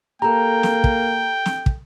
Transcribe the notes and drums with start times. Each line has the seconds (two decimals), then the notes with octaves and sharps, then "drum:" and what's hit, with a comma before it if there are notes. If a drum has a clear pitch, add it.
0.22 A#3 G4 A4 G5 A#5
0.63 drum: snare
0.84 drum: kick
1.46 drum: snare
1.66 drum: kick